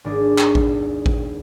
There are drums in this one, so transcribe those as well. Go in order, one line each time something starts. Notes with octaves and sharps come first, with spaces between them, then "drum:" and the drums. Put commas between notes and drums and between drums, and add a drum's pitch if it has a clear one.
G#1 D4 G#4
drum: clap
drum: kick A1
drum: kick A1